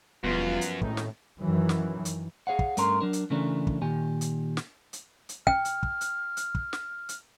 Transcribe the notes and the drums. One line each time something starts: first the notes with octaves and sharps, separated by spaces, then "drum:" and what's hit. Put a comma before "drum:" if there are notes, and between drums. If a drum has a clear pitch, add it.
E1 F#2 F3 G3 B3 F4
drum: hi-hat
G#1 A2 C#4 D#4, drum: kick
drum: snare
F#2 D#3 E3 F#3
drum: snare
drum: hi-hat
G#4 C#5 F5 F#5
drum: kick
G2 A3 C#4 A#4 C6, drum: hi-hat
F#3 D4 A#4
drum: hi-hat
C#3 E3 A3 C#4 D4 A#4
drum: kick
A#2 D#3 G4 G#5
drum: hi-hat
drum: snare
drum: hi-hat
drum: hi-hat
G5 F6, drum: kick
drum: hi-hat
drum: kick
drum: hi-hat
drum: hi-hat
drum: kick
drum: snare
drum: hi-hat